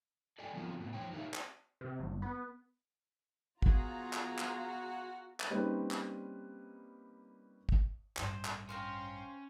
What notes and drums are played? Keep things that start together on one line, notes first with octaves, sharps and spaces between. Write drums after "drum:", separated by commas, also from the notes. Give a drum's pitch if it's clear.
A4 D5 D#5 G5 G#5
F3 B3 C4 D#4 F4 F#4
A2 B3
E2 F3 C5 C#5 G5
D#4 G4 A#4 C#5 E5 F5
drum: clap
C3
G1
B3
B3 F4 F#4 G#4 A#5, drum: kick
drum: clap
drum: clap
drum: clap
G3 A#3 C4 C#4 D#4 B4
drum: clap
drum: kick
A1 G2 C5, drum: clap
drum: clap
C#4 C5 F5 G5 A#5 C6